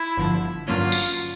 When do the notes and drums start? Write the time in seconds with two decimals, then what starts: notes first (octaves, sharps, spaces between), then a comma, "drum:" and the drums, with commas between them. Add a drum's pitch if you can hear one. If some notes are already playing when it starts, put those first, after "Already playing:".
Already playing: E4
0.17 G1 G2 D3 F3
0.68 G2 D3 F#3 A#3 C#4 F4
0.92 drum: tambourine